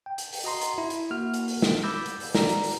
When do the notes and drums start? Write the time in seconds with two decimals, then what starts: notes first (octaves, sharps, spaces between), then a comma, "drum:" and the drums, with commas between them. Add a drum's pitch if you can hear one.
0.06 G5
0.18 drum: hi-hat
0.33 drum: open hi-hat
0.44 F#4 D#5 A#5 C6
0.61 drum: hi-hat
0.78 E4
0.90 drum: hi-hat
1.11 A#3 F#4 F6
1.34 drum: hi-hat
1.48 drum: open hi-hat
1.62 drum: snare
1.83 B5 D6 E6 G6 A6 A#6
2.06 drum: hi-hat
2.20 drum: open hi-hat
2.35 F#4 D5 A#5, drum: snare
2.49 drum: hi-hat
2.63 drum: open hi-hat